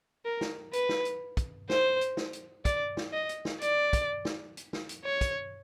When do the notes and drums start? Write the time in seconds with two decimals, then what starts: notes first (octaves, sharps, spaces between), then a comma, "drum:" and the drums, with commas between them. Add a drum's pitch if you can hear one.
0.25 A#4
0.41 drum: snare
0.73 B4, drum: hi-hat
0.89 drum: snare
1.05 drum: hi-hat
1.37 drum: kick, hi-hat
1.70 C5, drum: snare
2.01 drum: hi-hat
2.17 drum: snare
2.33 drum: hi-hat
2.65 D5, drum: kick, hi-hat
2.97 drum: snare
3.13 D#5
3.29 drum: hi-hat
3.45 drum: snare
3.61 D5, drum: hi-hat
3.93 drum: kick, hi-hat
4.25 drum: snare
4.57 drum: hi-hat
4.73 drum: snare
4.89 drum: hi-hat
5.05 C#5
5.21 drum: kick, hi-hat